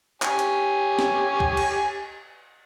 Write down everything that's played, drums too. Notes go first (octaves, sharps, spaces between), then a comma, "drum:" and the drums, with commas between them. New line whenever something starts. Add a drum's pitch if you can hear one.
G4 C#5 G#5, drum: clap
drum: hi-hat
drum: snare
drum: kick
drum: cymbal